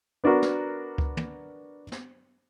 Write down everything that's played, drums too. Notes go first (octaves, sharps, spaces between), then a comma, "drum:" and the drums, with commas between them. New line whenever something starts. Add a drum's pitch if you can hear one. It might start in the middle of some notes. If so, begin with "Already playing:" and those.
B3 D4 F#4 A#4
drum: snare
drum: kick C#2
drum: tom
drum: snare